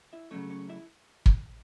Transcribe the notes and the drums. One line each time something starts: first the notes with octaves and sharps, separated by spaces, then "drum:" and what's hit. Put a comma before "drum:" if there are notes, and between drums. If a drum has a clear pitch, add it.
E4 E5
C#3 F#3 A3 C#4 C#5
C#4 C#5
E4 E5
drum: kick